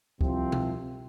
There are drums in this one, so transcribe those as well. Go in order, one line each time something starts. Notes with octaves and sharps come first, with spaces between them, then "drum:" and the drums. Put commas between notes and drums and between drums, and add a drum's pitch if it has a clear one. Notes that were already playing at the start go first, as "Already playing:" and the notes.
C2 C3 F3 C4, drum: kick C2
drum: tom B2